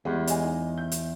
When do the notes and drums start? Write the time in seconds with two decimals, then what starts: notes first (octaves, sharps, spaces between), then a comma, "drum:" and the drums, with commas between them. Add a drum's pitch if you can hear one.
0.05 E2 G3 G#3
0.27 C#5 D#5 G#5, drum: hi-hat
0.42 D#4
0.78 G6
0.92 drum: hi-hat